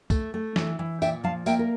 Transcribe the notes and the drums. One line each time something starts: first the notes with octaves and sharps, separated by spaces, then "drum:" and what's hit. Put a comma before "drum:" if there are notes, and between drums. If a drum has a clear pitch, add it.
A3, drum: kick, tambourine
A3
E3, drum: snare
E3
A#2 E5 G5, drum: tambourine
F3 F5 A5
A#3 E5 G5, drum: tambourine
A#4